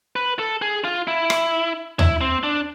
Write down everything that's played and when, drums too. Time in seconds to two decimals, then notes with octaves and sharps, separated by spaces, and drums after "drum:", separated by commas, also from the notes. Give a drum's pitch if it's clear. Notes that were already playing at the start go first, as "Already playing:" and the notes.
0.16 B4
0.39 A4
0.62 G#4
0.84 F4
1.07 E4
1.30 drum: rim click
1.99 E4, drum: tom D#2
2.21 C4
2.43 D4